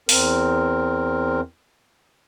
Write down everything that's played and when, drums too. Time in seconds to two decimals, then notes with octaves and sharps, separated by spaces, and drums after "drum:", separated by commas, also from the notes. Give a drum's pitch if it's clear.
0.09 E2 C4 A#4, drum: open hi-hat